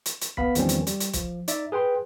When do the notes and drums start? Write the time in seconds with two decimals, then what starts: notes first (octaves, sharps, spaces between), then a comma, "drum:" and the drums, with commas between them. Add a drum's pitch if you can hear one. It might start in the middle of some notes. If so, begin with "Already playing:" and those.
0.06 drum: hi-hat
0.22 drum: hi-hat
0.37 B3 F5 B5 B6, drum: kick
0.55 E2 D#3 F3 G3 C4 C#4, drum: hi-hat
0.69 drum: hi-hat
0.87 G3, drum: hi-hat
1.00 drum: hi-hat
1.13 F3, drum: kick, hi-hat
1.48 D#4 D5 E5, drum: hi-hat
1.72 G#4 B4 G5 C6